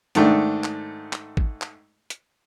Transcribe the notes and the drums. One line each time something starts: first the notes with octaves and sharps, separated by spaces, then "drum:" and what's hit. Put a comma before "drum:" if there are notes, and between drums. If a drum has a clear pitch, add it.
G#2 D#3 A3 D4, drum: hi-hat
drum: clap
drum: clap
drum: kick
drum: clap
drum: hi-hat